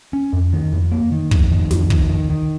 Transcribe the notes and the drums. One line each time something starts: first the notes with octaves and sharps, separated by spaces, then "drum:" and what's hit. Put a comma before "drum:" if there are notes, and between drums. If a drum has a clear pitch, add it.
C#4
F2
D#3
F2
A#3
D#3
F2, drum: kick
D#3
F2, drum: snare
D#3, drum: kick
D#3
D#3